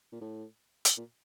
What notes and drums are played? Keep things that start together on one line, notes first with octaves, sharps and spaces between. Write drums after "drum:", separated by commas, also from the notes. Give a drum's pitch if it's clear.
A#2
A2
drum: hi-hat
A#2